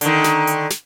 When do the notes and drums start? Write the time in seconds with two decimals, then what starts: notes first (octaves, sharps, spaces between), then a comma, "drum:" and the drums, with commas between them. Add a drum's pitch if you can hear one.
0.01 D3 D#3, drum: hi-hat
0.24 drum: snare
0.47 drum: hi-hat
0.70 drum: snare